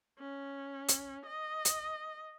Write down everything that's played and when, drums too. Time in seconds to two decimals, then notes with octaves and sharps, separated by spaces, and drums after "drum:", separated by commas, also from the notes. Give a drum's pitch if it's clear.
0.19 C#4
0.88 drum: hi-hat
1.27 D#5
1.65 drum: hi-hat